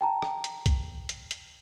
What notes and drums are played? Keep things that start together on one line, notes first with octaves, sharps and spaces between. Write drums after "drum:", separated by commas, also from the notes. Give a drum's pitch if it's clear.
G5 A5 A#5
drum: rim click
drum: hi-hat
drum: kick B1, hi-hat
drum: hi-hat
drum: hi-hat